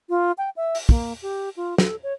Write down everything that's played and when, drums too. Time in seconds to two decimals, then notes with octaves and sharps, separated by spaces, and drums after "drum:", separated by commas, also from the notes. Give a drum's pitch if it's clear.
0.09 F4
0.38 G5
0.56 E5
0.75 drum: open hi-hat
0.89 A#3, drum: kick
1.22 G4
1.57 F4
1.78 A4, drum: snare
2.03 C#5